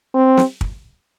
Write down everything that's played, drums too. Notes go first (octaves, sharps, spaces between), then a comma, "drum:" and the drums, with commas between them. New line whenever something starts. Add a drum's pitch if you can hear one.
C4
drum: snare
drum: kick